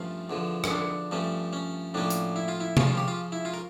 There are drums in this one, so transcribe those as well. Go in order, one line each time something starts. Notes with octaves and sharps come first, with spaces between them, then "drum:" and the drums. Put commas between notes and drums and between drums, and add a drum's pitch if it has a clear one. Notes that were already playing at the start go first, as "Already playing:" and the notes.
Already playing: G2 F3 A3 C#4 F4
E2 D3 F3
C#4, drum: rim click
D4
G2 F3 A3 C#4
C#4
A2 F3 A#3 C#4 D4
drum: hi-hat
E4
F4
E4
C#3 F3 C#4 F4, drum: tom C3
F4
G4
F4
E4
F4
A#4